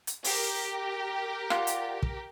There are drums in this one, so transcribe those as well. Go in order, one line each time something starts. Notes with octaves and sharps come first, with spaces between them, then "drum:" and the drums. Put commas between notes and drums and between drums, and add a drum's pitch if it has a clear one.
drum: hi-hat
G4 A#4, drum: open hi-hat
F4 D5 F#5, drum: rim click
drum: hi-hat
drum: kick